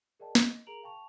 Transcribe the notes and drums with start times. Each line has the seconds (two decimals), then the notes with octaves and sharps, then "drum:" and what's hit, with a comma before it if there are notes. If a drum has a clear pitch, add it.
0.20 G#4 A#4 D5 D#5 G5 A5
0.35 D#5, drum: snare
0.66 G#4 A#4 A#5 D7 F7 F#7
0.83 F5 G5 A5 C#6 F7